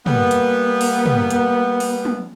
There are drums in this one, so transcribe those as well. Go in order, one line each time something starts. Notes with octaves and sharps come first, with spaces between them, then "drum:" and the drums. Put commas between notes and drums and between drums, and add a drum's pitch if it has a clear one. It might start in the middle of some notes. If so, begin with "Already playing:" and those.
G3 A#3 B3, drum: tom
drum: hi-hat
drum: open hi-hat
drum: tom
drum: hi-hat
drum: open hi-hat
drum: tom